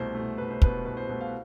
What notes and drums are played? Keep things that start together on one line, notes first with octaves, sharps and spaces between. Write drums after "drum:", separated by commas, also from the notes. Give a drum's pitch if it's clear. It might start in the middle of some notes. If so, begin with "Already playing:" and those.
Already playing: C2 B2 A3 C5
B2 A3
C2 B4
C5
B2 A3 B4, drum: kick
C2 B4
C5
B2 A3
F5